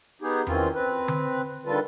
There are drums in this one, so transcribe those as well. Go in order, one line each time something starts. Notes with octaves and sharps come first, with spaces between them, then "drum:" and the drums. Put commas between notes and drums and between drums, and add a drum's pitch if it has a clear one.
B3 D#4 G4 G#4
D#3 E3 C4 C#4 F4, drum: tom E2
C4 B4
drum: tom D3
D3 D#3 G3 F4 A4 B4